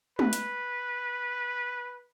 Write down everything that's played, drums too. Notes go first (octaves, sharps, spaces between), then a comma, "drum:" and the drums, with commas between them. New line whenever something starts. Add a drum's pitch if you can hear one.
B4, drum: tom
drum: hi-hat